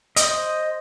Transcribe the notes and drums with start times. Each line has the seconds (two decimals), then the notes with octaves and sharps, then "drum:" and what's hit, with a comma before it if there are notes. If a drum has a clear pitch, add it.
0.16 C5 D#5, drum: hi-hat